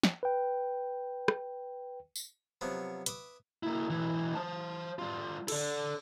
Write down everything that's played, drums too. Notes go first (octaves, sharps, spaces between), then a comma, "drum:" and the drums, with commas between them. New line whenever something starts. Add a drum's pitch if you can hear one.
drum: snare
B4 G5
drum: rim click
drum: tambourine
C3 F3 F#3 B3
B4 E5 D6 D#6, drum: hi-hat
A#3 E4
B1 E3
C5 A5
G3 F4
A4 D5, drum: cymbal